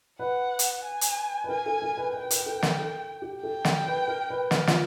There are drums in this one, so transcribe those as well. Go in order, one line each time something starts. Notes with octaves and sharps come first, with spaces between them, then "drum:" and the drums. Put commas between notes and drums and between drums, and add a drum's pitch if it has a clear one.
B4 F#5
drum: hi-hat
G#5
drum: hi-hat
B4
A#4 G#5
A4
A#4
B4
B4 G5
A#4, drum: hi-hat
A4
A#4, drum: snare
A4
G4
A4 G5
A#4, drum: snare
B4
A#4
B4
A#4, drum: snare
F4, drum: snare